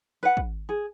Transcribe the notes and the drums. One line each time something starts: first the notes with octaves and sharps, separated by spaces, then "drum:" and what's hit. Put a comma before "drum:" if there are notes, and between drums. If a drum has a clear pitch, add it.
B4 F#5
drum: kick
G#4